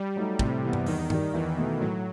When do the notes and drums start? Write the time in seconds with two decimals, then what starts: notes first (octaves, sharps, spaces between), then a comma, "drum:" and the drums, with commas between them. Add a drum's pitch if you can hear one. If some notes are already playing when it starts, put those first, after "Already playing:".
Already playing: G3
0.16 F#3 A3 D#4
0.39 A2 C3, drum: kick
0.63 E3 B3
0.73 drum: tom G2
0.86 E2 D#3, drum: open hi-hat
1.10 D#3 G3, drum: tom G2
1.34 E2 E3
1.57 B2 A3 D#4
1.80 A2 F#3